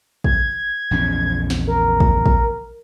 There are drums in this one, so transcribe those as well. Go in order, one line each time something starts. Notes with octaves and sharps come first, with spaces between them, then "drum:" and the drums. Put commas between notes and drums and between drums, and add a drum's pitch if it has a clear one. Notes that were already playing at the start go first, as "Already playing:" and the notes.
G#6, drum: kick
A#1 E2 C#4
drum: snare
A#4
drum: kick
drum: kick